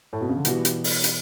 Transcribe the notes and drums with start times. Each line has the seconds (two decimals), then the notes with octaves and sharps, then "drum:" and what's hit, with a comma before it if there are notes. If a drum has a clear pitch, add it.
0.13 A2
0.21 B2
0.29 C#3
0.37 D3
0.45 B2 E3 G3 B3 F#4, drum: hi-hat
0.65 drum: hi-hat
0.84 drum: open hi-hat
1.04 drum: hi-hat